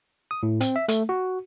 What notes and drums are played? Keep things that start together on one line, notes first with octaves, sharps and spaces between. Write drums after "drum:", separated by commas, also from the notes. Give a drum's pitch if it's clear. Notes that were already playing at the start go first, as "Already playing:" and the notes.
D#6
A2
C4, drum: hi-hat
E5
A3, drum: hi-hat
F#4